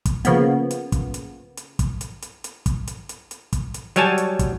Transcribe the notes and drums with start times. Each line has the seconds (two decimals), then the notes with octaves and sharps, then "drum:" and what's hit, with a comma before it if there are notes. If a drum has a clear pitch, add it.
0.05 drum: kick, hi-hat
0.25 C#3 F3 A#3 B3, drum: hi-hat
0.71 drum: hi-hat
0.92 drum: kick, hi-hat
1.14 drum: hi-hat
1.57 drum: hi-hat
1.79 drum: kick, hi-hat
2.01 drum: hi-hat
2.22 drum: hi-hat
2.44 drum: hi-hat
2.66 drum: kick, hi-hat
2.87 drum: hi-hat
3.09 drum: hi-hat
3.31 drum: hi-hat
3.53 drum: kick, hi-hat
3.74 drum: hi-hat
3.96 F#3 G3 C#5 G#5 A5, drum: hi-hat
4.18 drum: hi-hat
4.39 drum: kick, hi-hat